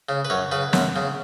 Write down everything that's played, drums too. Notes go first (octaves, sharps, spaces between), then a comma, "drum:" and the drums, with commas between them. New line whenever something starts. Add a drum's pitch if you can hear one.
C#3
B4
F#2 C#5
C#3 B4
F#2, drum: snare
C#3